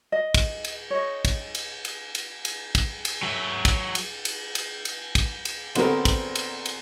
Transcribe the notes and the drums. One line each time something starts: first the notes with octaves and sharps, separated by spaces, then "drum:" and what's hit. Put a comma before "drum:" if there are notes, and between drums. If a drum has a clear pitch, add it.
D#5
drum: kick, cymbal
drum: cymbal
C#5 D#5
drum: kick, cymbal
drum: cymbal
drum: cymbal
drum: cymbal
drum: cymbal
drum: kick, cymbal
drum: cymbal
F#3 E5
drum: kick, cymbal
drum: cymbal
drum: cymbal
drum: cymbal
drum: cymbal
drum: kick, cymbal
drum: cymbal
D3 F#3 B3 C4 A#4 C5, drum: cymbal
drum: kick, cymbal
drum: cymbal
drum: cymbal